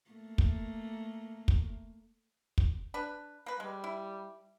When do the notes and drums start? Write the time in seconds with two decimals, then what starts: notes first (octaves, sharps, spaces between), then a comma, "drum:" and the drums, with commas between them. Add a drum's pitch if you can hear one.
0.11 A3 A#3
0.38 drum: kick
1.48 drum: kick
2.58 drum: kick
2.94 D4 B4
3.46 A#3 B4
3.60 G3 G#3
3.84 E4